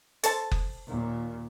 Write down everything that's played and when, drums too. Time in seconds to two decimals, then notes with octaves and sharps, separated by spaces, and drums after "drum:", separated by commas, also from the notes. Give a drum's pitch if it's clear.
0.23 A4 C5 A5, drum: hi-hat
0.51 drum: kick F#1
0.87 D#2 A#2